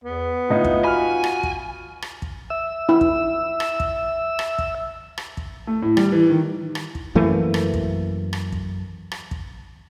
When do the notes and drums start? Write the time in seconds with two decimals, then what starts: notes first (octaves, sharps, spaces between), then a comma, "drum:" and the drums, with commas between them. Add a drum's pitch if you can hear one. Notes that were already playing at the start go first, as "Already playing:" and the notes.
0.04 E2 B3
0.50 A2 D#4 F4
0.65 drum: kick
0.84 F#4 G#5 B5 F6
1.24 drum: rim click
1.43 drum: kick
2.02 drum: rim click
2.22 drum: kick
2.50 E5 E6
2.89 E4
3.01 drum: kick
3.60 drum: rim click
3.80 drum: kick
4.39 drum: rim click
4.58 drum: kick
5.18 drum: rim click
5.37 drum: kick
5.67 A3
5.82 A2
5.97 G3, drum: rim click
6.12 E3
6.30 D#3
6.75 drum: rim click
6.95 drum: kick
7.15 F#2 E3 A3 A#3
7.54 drum: rim click
7.74 drum: kick
8.33 drum: rim click
8.52 drum: kick
9.12 drum: rim click
9.31 drum: kick